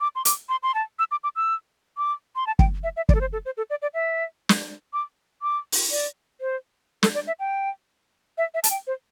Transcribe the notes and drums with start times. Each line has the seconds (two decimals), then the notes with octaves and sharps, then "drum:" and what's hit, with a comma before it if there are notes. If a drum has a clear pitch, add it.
0.01 D6
0.15 C6
0.25 D6, drum: hi-hat
0.49 C6
0.63 C6
0.74 A5
0.99 E6
1.11 D6
1.24 D6
1.36 E6
1.97 D6
2.36 C6
2.47 A5
2.59 G5, drum: kick
2.83 E5
2.96 E5
3.09 D5, drum: kick
3.15 A4
3.21 C5
3.33 A4
3.45 C5
3.57 A4
3.70 D5
3.82 D5
3.94 E5
4.49 drum: snare
4.93 D6
5.42 D6
5.72 drum: open hi-hat
5.91 D5
6.41 C5
7.03 A4, drum: snare
7.15 D5
7.27 E5
7.40 G5
8.38 E5
8.54 E5
8.64 A5, drum: hi-hat
8.70 G5
8.87 C5